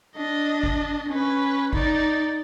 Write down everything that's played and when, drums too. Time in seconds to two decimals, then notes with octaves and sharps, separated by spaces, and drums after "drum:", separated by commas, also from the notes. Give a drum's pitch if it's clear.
0.17 D4 D#5
0.63 drum: kick G#1
1.09 C#4 B4
1.73 D#4 D5, drum: kick G#1